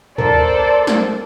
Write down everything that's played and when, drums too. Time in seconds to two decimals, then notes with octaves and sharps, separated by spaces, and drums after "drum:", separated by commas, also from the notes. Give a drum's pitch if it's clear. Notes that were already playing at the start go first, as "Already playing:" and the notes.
0.18 A4 A#4 C5 D5, drum: tom
0.87 drum: snare